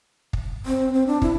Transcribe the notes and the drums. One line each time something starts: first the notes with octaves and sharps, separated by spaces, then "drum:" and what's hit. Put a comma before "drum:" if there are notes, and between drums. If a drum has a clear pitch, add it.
drum: kick
C4
C4
D4
E4, drum: kick